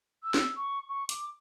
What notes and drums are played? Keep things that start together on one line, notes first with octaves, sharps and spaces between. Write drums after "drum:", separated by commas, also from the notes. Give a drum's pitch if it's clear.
E6
drum: snare
C#6
C#6
D6, drum: hi-hat